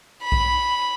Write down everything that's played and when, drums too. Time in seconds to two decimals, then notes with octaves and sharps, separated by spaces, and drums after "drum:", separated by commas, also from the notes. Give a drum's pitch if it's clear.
0.23 B5
0.32 drum: kick B1